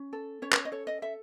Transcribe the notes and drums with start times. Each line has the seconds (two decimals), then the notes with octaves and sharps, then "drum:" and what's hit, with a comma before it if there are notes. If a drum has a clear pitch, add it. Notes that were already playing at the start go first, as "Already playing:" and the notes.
Already playing: C#4
0.13 A4
0.42 C#4 C#5
0.52 B4, drum: clap
0.57 C#5
0.65 D#5
0.72 A4 C#5
0.87 D#5
1.02 A4 E5